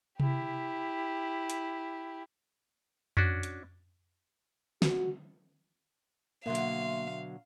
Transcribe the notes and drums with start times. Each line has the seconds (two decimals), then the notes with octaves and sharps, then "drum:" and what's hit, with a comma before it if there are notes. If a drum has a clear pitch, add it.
0.20 E4 G4, drum: tom C3
1.50 drum: hi-hat
3.17 C#4 D4 F#4, drum: tom F2
3.43 drum: hi-hat
4.82 F#4, drum: snare
6.46 B2 D3 F#3 A#3 E5 F5 C6
6.55 drum: hi-hat